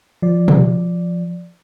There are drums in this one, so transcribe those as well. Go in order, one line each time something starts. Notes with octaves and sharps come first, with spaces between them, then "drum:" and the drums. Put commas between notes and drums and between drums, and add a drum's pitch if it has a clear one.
F3 D5
drum: tom B2